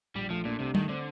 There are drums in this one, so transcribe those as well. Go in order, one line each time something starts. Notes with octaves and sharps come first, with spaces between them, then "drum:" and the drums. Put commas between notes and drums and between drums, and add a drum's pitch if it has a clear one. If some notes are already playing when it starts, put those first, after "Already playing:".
A#1 G3
F3 A3
A#2 D4
C2 C3
D#3 A3, drum: tom
D3 C4